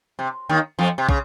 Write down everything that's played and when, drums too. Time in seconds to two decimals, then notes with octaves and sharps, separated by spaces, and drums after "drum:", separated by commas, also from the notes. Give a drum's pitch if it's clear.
0.19 C3
0.49 D#2 D#3
0.79 F2 F3
0.98 C3
1.09 C#3, drum: kick